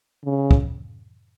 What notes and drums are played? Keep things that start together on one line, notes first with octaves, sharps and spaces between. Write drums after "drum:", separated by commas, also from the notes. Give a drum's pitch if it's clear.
C#3
drum: kick